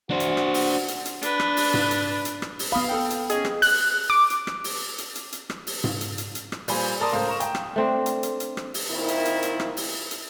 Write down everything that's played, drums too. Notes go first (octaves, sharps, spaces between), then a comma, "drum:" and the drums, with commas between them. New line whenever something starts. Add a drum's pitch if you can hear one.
D4 F#4 C5
drum: hi-hat
drum: rim click
drum: open hi-hat
drum: hi-hat
drum: hi-hat
D4 B4, drum: hi-hat
drum: rim click
drum: open hi-hat
drum: tom G#2
drum: hi-hat
drum: hi-hat
drum: rim click
drum: open hi-hat
B3 F5 B5 D#6
A4 G5
drum: hi-hat
C#4 G#4 D#5, drum: hi-hat
drum: rim click
F#6, drum: open hi-hat
D6
drum: hi-hat
drum: rim click
drum: open hi-hat
drum: hi-hat
drum: hi-hat
drum: hi-hat
drum: rim click
drum: open hi-hat
drum: tom G#2
drum: hi-hat
drum: hi-hat
drum: hi-hat
drum: rim click
A#2 G3 C5 G#5 B5, drum: open hi-hat
A#4 D5 A5 A#5 C6 D#6
C#2 A2 A#4 C5
A#4 A#5 C#6 E7
G5, drum: hi-hat
drum: rim click
A3 C4 D4
drum: hi-hat
drum: hi-hat
drum: hi-hat
drum: rim click
drum: open hi-hat
A#2 D#3 C4 E4
drum: hi-hat
drum: hi-hat
drum: hi-hat
drum: rim click
drum: open hi-hat
drum: hi-hat